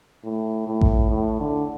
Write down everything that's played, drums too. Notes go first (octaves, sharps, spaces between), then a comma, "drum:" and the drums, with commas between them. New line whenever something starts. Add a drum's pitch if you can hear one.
A2
A2
drum: kick A1
A2
D3